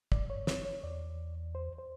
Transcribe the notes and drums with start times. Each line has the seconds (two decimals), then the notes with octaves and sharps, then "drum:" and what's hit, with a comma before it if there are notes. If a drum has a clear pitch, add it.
0.12 G#2 D5, drum: kick
0.30 C#5
0.35 G2
0.47 C#5, drum: snare
0.65 C#5
0.83 E2 D5
1.55 C5
1.78 C5